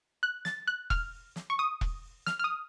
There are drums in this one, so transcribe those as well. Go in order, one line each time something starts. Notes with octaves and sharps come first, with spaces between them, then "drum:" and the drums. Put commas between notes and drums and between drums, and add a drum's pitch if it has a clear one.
F#6
A6, drum: snare
F#6
F6, drum: kick E1
drum: snare
C#6
D#6
drum: kick E1
F6, drum: snare
F6
D#6